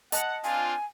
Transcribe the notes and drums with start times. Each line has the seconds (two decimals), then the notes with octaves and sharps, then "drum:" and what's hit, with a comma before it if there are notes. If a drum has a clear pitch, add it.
0.12 D#5 F#5 A5, drum: hi-hat
0.44 C4 D4 F4 G#5